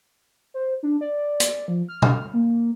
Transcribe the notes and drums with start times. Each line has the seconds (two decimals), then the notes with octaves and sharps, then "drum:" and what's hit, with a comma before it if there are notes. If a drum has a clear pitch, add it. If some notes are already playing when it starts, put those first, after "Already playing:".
0.54 C5
0.83 D4
1.01 D5
1.40 drum: hi-hat
1.68 F3
1.89 F6
2.02 drum: tom B2
2.33 A#3